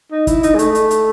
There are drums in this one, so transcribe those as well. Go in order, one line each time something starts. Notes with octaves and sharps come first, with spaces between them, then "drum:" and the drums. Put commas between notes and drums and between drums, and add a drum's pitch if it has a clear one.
D#4
E4, drum: kick, hi-hat
D#4, drum: hi-hat
G#3
A3, drum: hi-hat
drum: hi-hat
drum: hi-hat